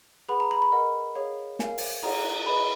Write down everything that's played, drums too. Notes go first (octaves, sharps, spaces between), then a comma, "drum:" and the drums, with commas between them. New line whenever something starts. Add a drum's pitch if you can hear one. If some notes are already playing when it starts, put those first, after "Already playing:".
G#4 B4 F#5 B5
A#5
B5
B5
A#4 D#5 F#5
G#4 C#5 F5
A#4 F5 G#5, drum: snare
drum: open hi-hat
G#4 C#5 F#5 A#5, drum: cymbal
G#4 B4 D#5 B5